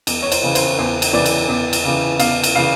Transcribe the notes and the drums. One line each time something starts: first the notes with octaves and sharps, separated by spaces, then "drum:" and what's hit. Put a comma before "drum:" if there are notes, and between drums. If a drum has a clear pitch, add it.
E2, drum: cymbal
C#5
C5, drum: cymbal
C#3 E3
C5, drum: cymbal
E2 C5
drum: cymbal
C#3 E3 D5
drum: cymbal
E2
drum: cymbal
C#3 E3
E2 F5, drum: cymbal
drum: cymbal
C#3 E3 F5